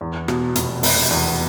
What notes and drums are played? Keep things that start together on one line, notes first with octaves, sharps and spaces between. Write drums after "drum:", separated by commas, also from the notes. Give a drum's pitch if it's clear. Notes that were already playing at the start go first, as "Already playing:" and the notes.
E2
B2, drum: rim click
F1, drum: hi-hat
F1, drum: open hi-hat
E2